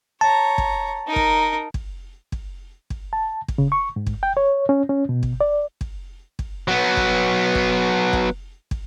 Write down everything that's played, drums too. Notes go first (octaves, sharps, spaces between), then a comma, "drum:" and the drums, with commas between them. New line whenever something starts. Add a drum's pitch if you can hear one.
C#5 A5 A#5
drum: kick
D#4 A#4
drum: kick
drum: kick
drum: kick
drum: kick
A5
drum: kick
C#3
C#6
G#2
drum: kick
G5
C#5
C#4
C#4
B2
drum: kick
D5
drum: kick
drum: kick
F#3 B3
drum: kick
drum: kick
drum: kick
drum: kick